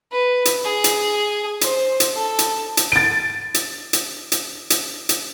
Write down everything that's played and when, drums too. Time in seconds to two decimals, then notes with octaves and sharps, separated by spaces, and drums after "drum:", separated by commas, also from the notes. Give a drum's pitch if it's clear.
0.12 B4
0.45 drum: hi-hat
0.64 G#4
0.84 drum: hi-hat
1.61 C5, drum: hi-hat
2.00 drum: hi-hat
2.15 A4
2.39 drum: hi-hat
2.77 drum: hi-hat
2.92 A6 D7
3.54 drum: hi-hat
3.93 drum: hi-hat
4.32 drum: hi-hat
4.70 drum: hi-hat
5.09 drum: hi-hat